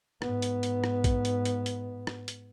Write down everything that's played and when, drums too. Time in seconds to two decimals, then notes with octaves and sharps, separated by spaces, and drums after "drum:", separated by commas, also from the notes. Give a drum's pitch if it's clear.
0.22 G#2 B3, drum: rim click
0.42 drum: hi-hat
0.63 drum: hi-hat
0.84 drum: rim click
1.04 drum: kick A#1, hi-hat
1.25 drum: hi-hat
1.45 drum: hi-hat
1.66 drum: hi-hat
2.07 drum: rim click
2.28 drum: hi-hat